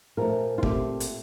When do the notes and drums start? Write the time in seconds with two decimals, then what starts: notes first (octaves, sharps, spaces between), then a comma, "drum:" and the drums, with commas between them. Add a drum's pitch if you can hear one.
0.17 A#2 F3 A3 A#4
0.58 F4
0.63 A#2 A3 C4 G4, drum: kick
1.00 drum: hi-hat